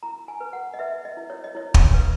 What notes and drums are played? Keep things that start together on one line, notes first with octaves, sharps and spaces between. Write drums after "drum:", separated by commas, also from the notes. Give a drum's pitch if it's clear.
E4 A#5
G#5
B4
F#5
D#5
B4 E5
D#5
E4
C#5
D#5
E4 C#5
drum: kick
B4